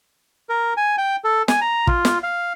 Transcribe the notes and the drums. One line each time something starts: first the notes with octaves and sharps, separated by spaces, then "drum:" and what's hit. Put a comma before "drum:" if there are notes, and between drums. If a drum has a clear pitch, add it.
A#4
G#5
G5
A4
G#5, drum: snare
A#5
F4, drum: kick
drum: snare
F5